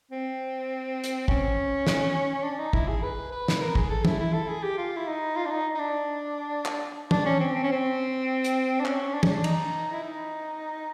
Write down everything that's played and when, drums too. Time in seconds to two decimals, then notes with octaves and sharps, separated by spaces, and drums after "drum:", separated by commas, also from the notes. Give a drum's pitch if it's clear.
0.11 C4
1.04 drum: hi-hat
1.28 C#4, drum: kick
1.87 drum: snare
2.44 D4
2.59 D#4
2.73 E4, drum: kick
2.88 G#4
3.03 B4
3.32 B4
3.48 drum: snare
3.61 A#4
3.75 G#4, drum: kick
3.90 A4
4.05 E4, drum: tom
4.19 E4
4.34 A4
4.48 G#4
4.63 G4
4.78 F4
4.97 E4
5.07 D#4
5.36 F4
5.46 D4
5.50 D#4
5.75 D#4
5.79 D4
6.65 drum: clap
7.11 D4, drum: tom
7.25 C#4
7.40 C4
7.55 C4
7.63 C#4
7.72 C4
8.44 drum: hi-hat
8.80 D4
8.85 C#4, drum: clap
9.14 D4
9.23 C#4, drum: tom
9.32 D4
9.44 D#4, drum: cymbal
9.92 E4
10.03 D#4